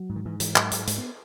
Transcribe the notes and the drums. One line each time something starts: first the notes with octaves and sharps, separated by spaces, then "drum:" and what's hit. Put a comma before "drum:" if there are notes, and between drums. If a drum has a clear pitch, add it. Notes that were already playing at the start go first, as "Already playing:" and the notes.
Already playing: F#3
G#2
D#3
G#2 E3
G#2 E3, drum: hi-hat
G#2 F#3, drum: clap
G#2, drum: hi-hat
G#2 G#3, drum: hi-hat
B3